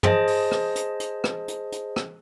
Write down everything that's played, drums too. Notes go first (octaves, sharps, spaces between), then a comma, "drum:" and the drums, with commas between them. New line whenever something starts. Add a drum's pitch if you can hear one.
G#4 C5 D#5 A5, drum: tom
drum: open hi-hat
drum: rim click
drum: hi-hat
drum: hi-hat
drum: rim click
drum: hi-hat
drum: hi-hat
drum: rim click